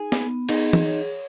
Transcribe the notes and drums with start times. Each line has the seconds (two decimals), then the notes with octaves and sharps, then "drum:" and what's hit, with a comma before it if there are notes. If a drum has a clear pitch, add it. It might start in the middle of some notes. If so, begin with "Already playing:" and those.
Already playing: D#4 G#4
0.12 B3, drum: snare
0.49 D#4 G#4, drum: cymbal
0.73 drum: tom
0.85 C#5